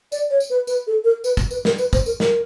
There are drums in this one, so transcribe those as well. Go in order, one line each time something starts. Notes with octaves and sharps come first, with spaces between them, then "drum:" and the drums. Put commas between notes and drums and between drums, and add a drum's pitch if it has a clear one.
D5, drum: tambourine
C#5
drum: tambourine
B4
B4, drum: tambourine
A4
A#4
B4, drum: tambourine
drum: kick, tambourine
B4, drum: tambourine
A#4, drum: snare
B4, drum: tambourine
C5, drum: kick, tambourine
A#4, drum: tambourine
A#4, drum: snare